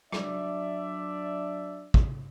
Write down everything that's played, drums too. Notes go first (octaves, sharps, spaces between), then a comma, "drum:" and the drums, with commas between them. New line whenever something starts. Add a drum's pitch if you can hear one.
F#3 D4 D5 E5, drum: rim click
drum: kick